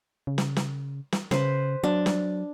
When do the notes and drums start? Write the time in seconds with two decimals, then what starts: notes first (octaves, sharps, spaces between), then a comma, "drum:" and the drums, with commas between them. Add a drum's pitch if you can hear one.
0.27 C#3
0.38 drum: snare
0.56 drum: snare
1.12 drum: snare
1.31 C#3 B4 C5, drum: snare
1.84 F#3 D4
2.06 drum: snare